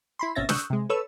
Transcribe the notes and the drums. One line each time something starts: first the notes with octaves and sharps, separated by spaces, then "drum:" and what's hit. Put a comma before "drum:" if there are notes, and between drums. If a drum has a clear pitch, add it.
E4 B5 C6
G#1 B2 C#4 E5 A6 A#6
C#6 D#6 E6 F#6 G6, drum: snare
C3 G#3
A4 B4 C#5 E6